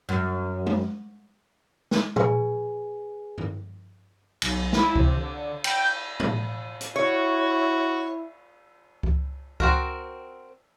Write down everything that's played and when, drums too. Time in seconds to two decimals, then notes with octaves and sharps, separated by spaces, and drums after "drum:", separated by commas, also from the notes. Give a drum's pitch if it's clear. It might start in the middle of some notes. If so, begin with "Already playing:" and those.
0.09 F#2
0.66 drum: tom G#3
1.91 drum: snare
2.16 G#4 B4 G#5, drum: tom A#2
3.38 drum: tom G2
4.42 B1, drum: cymbal
4.73 E4, drum: snare
4.96 C3, drum: kick C#2
5.17 D3
5.64 G5, drum: cymbal
5.79 G6
6.20 drum: tom
6.81 drum: hi-hat
6.96 E4 F#4 C#5
9.03 drum: kick C#2
9.60 C4 F#4 A#4, drum: kick C#2